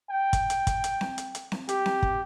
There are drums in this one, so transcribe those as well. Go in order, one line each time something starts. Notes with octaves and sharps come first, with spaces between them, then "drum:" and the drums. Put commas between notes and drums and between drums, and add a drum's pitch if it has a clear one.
G5
drum: kick, hi-hat
drum: hi-hat
drum: kick, hi-hat
drum: hi-hat
drum: snare C4
drum: hi-hat
drum: hi-hat
drum: snare C4
G4, drum: hi-hat
drum: snare C4
drum: kick